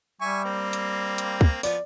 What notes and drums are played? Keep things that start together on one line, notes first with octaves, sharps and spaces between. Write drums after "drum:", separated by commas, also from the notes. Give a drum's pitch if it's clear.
G3 E5 G#5 C#6
A#3 C4
drum: hi-hat
drum: hi-hat
drum: kick
F3 B3 D5, drum: open hi-hat